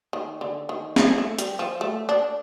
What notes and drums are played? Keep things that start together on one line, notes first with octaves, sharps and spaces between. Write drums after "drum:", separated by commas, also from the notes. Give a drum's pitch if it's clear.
D#3
D3
D#3
F3, drum: snare
A3
G3, drum: hi-hat
F3
A3
D4